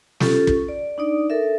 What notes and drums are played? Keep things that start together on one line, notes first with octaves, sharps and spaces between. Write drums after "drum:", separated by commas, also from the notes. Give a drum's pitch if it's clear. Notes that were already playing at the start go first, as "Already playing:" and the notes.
C#4 F4 G4 A4, drum: snare
drum: kick
D5
D4 D#4 D5 D#6
A4 A#4 E5